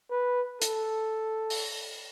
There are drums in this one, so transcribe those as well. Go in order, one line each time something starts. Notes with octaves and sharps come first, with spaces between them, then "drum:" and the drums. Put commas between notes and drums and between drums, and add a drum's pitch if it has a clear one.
B4
A4, drum: hi-hat
drum: open hi-hat